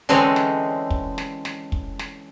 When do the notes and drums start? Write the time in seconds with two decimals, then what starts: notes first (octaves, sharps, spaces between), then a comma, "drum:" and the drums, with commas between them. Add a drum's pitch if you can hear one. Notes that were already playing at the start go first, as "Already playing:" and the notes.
0.09 D3 E3 G#3 C4 C#4 D#4
0.36 drum: snare
0.90 drum: kick
1.18 drum: snare
1.45 drum: snare
1.72 drum: kick
1.99 drum: snare